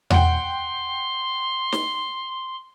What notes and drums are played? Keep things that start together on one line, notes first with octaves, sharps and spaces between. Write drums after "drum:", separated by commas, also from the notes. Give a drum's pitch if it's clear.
F#5 G5 C6, drum: tom E2
drum: snare